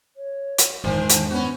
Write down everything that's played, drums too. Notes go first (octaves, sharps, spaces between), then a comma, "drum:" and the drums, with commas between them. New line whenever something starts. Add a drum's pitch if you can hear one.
C#5
drum: hi-hat
E2 G#2 D3 D#3 F3 C5
drum: hi-hat
B3 C#4 F#4